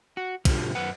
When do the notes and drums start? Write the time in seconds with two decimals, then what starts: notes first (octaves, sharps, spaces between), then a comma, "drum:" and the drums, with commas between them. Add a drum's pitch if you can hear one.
0.17 F#4
0.45 G2 B2 D3 A#3 F4 G4, drum: kick, cymbal
0.75 F#2 B4 F#5